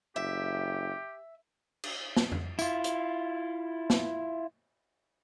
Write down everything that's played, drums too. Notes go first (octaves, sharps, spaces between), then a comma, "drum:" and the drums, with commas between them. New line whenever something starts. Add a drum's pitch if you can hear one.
F#1 G4 E5
drum: cymbal
drum: snare
drum: tom F2
E4 F4, drum: tambourine
drum: hi-hat
drum: snare